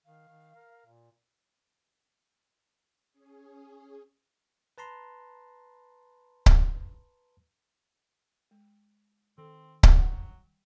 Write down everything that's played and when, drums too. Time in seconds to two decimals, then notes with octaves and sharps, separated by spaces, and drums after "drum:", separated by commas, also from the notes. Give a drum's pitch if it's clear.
0.06 D#3 F5
0.28 D#3
0.55 A#4
0.86 A#2
3.13 C#4 G#4
4.78 B4 A5 A#5 C6
6.46 drum: kick C#1
8.51 G#3
9.38 D#3 C4 A4
9.83 drum: kick C#1
9.97 F#3 G3 F#5 G5